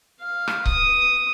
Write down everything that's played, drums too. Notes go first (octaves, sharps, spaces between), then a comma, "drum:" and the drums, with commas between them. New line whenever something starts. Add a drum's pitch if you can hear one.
F5
drum: rim click
D#6, drum: kick C#1